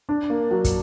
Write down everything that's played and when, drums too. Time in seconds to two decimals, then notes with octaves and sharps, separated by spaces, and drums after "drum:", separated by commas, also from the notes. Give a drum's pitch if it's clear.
0.09 D4
0.30 A#3
0.51 F#3
0.64 drum: kick, hi-hat